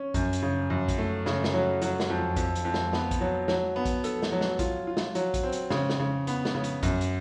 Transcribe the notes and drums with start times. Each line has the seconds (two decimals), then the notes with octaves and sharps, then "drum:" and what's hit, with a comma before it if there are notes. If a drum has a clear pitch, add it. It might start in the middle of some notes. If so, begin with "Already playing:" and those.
Already playing: C#4
0.14 F#2, drum: kick, hi-hat
0.33 drum: hi-hat
0.42 C#3
0.70 F#2
0.88 drum: kick, hi-hat
0.98 A3
1.26 C#3, drum: snare
1.44 drum: snare
1.54 F#3
1.82 F#3, drum: hi-hat
2.00 drum: snare
2.10 F2
2.36 F2, drum: kick, hi-hat
2.56 drum: hi-hat
2.65 F2
2.74 drum: snare
2.93 B3, drum: snare
3.11 drum: kick, hi-hat
3.21 F#3
3.48 F#3, drum: snare
3.76 B3
3.85 drum: kick, hi-hat
4.04 A4, drum: hi-hat
4.23 drum: snare
4.32 F#3
4.41 drum: snare
4.59 F4, drum: kick, hi-hat
4.87 F4
4.97 drum: snare
5.15 F#3, drum: hi-hat
5.34 drum: kick, hi-hat
5.43 C4
5.52 drum: hi-hat
5.70 C#3, drum: snare
5.90 drum: snare
5.99 C#3
6.27 B3, drum: hi-hat
6.45 drum: snare
6.55 C#3
6.64 drum: hi-hat
6.83 F#2, drum: kick, hi-hat
7.01 drum: hi-hat